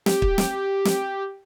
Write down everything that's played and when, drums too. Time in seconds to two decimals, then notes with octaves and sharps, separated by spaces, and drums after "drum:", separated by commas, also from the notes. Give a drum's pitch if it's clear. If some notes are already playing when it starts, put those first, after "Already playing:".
0.06 G4, drum: snare
0.22 drum: kick
0.38 drum: snare
0.85 drum: snare